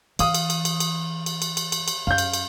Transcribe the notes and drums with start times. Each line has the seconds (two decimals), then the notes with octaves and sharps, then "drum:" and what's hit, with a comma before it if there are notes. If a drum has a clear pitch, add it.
0.19 E3 F5 D#6, drum: cymbal
0.34 drum: cymbal
0.50 drum: cymbal
0.65 drum: cymbal
0.80 drum: cymbal
1.26 drum: cymbal
1.42 drum: cymbal
1.57 drum: cymbal
1.72 drum: cymbal
1.88 drum: cymbal
2.07 F#2 F5 G6
2.18 drum: cymbal
2.34 drum: cymbal